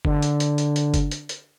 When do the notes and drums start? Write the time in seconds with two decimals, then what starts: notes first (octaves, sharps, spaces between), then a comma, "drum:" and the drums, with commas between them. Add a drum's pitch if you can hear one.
0.05 D3, drum: kick G1
0.22 drum: hi-hat
0.40 drum: hi-hat
0.58 drum: hi-hat
0.76 drum: hi-hat
0.94 drum: kick G1, hi-hat
1.11 drum: hi-hat
1.29 drum: hi-hat